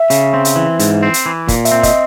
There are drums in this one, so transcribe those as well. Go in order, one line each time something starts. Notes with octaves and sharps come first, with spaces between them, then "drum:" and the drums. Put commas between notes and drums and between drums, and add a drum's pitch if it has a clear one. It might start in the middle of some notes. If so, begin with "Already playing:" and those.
Already playing: E5
C#3, drum: hi-hat
C4
drum: hi-hat
E3
G#2, drum: hi-hat
C4
drum: hi-hat
E3
A#2, drum: kick, hi-hat
E5, drum: hi-hat
C4
D#5, drum: kick, hi-hat